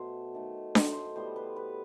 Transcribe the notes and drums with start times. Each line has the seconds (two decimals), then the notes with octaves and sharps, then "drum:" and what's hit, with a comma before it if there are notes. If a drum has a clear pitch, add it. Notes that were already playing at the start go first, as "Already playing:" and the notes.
Already playing: B2 F#3 A3 C5
0.35 D#3 A3
0.75 C5, drum: snare D4
0.92 C5 D#5
1.16 A2 G3 B3 C5
1.36 B4
1.56 B4